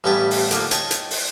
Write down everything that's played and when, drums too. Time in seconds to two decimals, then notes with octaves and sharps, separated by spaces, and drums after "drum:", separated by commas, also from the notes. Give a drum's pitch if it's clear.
0.04 A1 G2 B3 C#4 G5 A5
0.31 drum: open hi-hat
0.51 D3 F3 A#3, drum: hi-hat
0.71 C#5 D#5 G5 A5, drum: hi-hat
0.91 drum: hi-hat
1.11 drum: open hi-hat